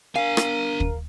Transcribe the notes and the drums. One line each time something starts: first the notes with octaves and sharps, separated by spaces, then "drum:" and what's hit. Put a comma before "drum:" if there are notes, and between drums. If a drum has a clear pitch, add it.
D4 A#4 F5 G#5 D#7
drum: rim click
drum: kick